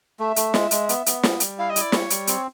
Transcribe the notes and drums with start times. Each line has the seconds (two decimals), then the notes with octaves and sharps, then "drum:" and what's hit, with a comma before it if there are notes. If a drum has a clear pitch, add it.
0.19 A3 E5
0.36 A3, drum: hi-hat
0.54 G#3, drum: snare
0.71 G#3, drum: hi-hat
0.89 B3, drum: hi-hat
1.06 B3, drum: hi-hat
1.23 G3, drum: snare
1.40 G3, drum: hi-hat
1.58 E4 F5
1.70 D#5
1.76 E4, drum: hi-hat
1.81 D5
1.92 G3 C#5, drum: snare
2.10 G3, drum: hi-hat
2.27 C4, drum: hi-hat